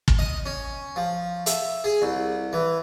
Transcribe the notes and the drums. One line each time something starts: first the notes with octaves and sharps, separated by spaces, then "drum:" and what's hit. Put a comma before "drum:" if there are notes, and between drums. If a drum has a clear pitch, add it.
drum: kick
D#5
C#4
F3
E5, drum: hi-hat
G#4
C2
E3